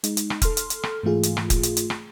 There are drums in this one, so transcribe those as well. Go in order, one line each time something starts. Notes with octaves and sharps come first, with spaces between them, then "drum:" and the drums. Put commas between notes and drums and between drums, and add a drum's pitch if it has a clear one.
G#3 D#4, drum: hi-hat
drum: hi-hat
drum: rim click
A4 C6 F6, drum: kick, hi-hat
drum: hi-hat
drum: hi-hat
drum: rim click
G#2 E3 A3 F4 G#4
drum: hi-hat
drum: rim click
drum: kick, hi-hat
drum: hi-hat
drum: hi-hat
drum: rim click